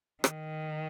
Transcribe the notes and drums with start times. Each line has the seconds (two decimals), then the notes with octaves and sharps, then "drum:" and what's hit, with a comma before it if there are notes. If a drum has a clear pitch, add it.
0.24 D#3, drum: rim click